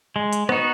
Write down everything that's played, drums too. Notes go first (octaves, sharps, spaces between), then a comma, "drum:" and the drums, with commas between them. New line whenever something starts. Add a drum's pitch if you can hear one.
G#3
drum: hi-hat
B3 D#4 F#4, drum: rim click